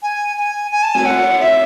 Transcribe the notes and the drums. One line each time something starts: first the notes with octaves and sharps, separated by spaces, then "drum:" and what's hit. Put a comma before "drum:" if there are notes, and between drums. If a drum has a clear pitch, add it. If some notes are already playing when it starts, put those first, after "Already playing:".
G#5
G#5
G#5
A5
G#5, drum: cymbal
F#5
E5